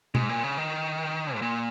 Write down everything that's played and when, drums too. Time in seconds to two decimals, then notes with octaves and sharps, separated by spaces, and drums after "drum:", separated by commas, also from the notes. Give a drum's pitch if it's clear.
0.15 G#2, drum: tom B2
0.29 A#2
0.44 C#3
0.57 D#3
1.35 G#2
1.42 A#2